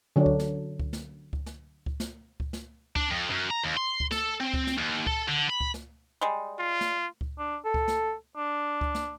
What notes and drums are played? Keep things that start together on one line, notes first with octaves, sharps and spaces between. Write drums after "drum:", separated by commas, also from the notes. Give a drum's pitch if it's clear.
D3 F#3 D4
drum: kick C#2
drum: snare
drum: kick C#2
drum: snare
drum: kick C#2
drum: snare
drum: kick C#2
drum: snare
drum: kick C#2
drum: snare
D4, drum: kick C#2
F2
F#2
A#5
D#2
C6
drum: kick C#2
A4, drum: snare
C4
drum: kick C#2
drum: snare
D#2
A4, drum: kick C#2
D3
B5
drum: kick C#2
drum: snare
G3 G#3
F4
drum: snare
drum: kick C#2
D4
A4
drum: kick C#2
drum: snare
D4
drum: kick C#2
drum: snare